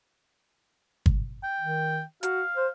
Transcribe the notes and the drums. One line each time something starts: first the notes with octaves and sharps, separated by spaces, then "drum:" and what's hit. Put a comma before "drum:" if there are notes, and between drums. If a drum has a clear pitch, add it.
drum: kick G1
G5
D#3
F#4 F5, drum: hi-hat
C5